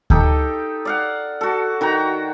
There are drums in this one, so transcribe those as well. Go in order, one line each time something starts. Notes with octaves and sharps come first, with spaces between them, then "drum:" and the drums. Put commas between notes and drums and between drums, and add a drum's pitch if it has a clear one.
D#4 G4 A4 G5, drum: kick D2
D5 F5 F#5
F#4 A4
D#3 F#4 G5 A#5